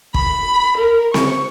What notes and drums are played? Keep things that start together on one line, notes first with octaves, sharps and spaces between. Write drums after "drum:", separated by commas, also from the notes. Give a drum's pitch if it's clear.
B5, drum: kick
A#4
C#6, drum: snare C4